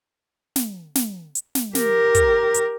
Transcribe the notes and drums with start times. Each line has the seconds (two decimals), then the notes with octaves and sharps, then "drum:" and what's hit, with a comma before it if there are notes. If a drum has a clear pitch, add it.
0.56 drum: snare
0.95 drum: snare
1.35 drum: hi-hat
1.55 drum: snare
1.75 G4 A#4, drum: snare
2.15 drum: kick, hi-hat
2.54 drum: hi-hat